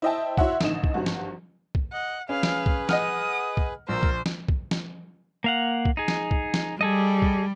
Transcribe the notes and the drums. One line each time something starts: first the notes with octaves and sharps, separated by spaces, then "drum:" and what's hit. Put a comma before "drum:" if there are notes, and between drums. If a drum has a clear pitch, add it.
E4 C5 D#5 E5 G5 A5
E4 F#4 C#5 E5 F#5 C6, drum: kick B1
A1 D3 D#4 D#5 E7, drum: snare
drum: kick B1
G#1 G2 F#4
drum: snare
drum: kick B1
D#5 F#5
C#4 G#4 B4 F5
drum: snare
drum: kick B1
D#5 F#5 D#6 F6, drum: snare
drum: kick B1
A#1 A#3 A#4 C5 E6
drum: kick B1
drum: snare
drum: kick B1
drum: snare
A#3 F5 F#5
drum: kick B1
D#4 G#4
drum: snare
drum: kick B1
drum: snare
G3 G#4 A4 D#5
drum: kick B1